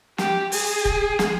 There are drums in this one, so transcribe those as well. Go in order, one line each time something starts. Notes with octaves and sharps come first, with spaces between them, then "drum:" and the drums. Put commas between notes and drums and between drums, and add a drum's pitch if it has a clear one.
G4, drum: snare
G#4, drum: open hi-hat
drum: kick
drum: snare